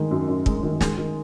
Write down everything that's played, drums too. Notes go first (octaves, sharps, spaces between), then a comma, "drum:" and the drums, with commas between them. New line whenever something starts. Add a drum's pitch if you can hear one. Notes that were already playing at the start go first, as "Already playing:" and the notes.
Already playing: D#3 G#3
F#2
F#2
G#3, drum: kick
D#3
G#3, drum: snare
D#3